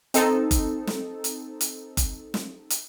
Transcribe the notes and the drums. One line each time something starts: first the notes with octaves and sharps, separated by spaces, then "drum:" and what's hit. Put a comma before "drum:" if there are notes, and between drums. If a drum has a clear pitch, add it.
C4 D#4 A4, drum: hi-hat
drum: kick F#1, hi-hat
drum: snare
drum: hi-hat
drum: hi-hat
drum: kick F#1, hi-hat
drum: snare
drum: hi-hat